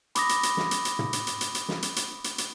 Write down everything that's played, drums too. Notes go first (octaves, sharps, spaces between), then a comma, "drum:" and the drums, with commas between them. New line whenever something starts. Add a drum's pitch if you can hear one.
B5 D6 D#6 A#6, drum: hi-hat
drum: hi-hat
drum: hi-hat
drum: snare
drum: hi-hat
drum: hi-hat
drum: tom
drum: hi-hat
drum: hi-hat
drum: hi-hat
drum: hi-hat
drum: snare
drum: hi-hat
drum: hi-hat
drum: hi-hat
drum: hi-hat